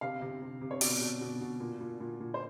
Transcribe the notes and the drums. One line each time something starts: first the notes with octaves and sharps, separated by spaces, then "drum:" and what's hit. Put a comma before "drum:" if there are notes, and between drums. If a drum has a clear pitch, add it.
C3 F5
C3
C3
C3
C#5
B2 D5, drum: open hi-hat
B2
B2
B2
A#2
A#2
A#2
A#2
C5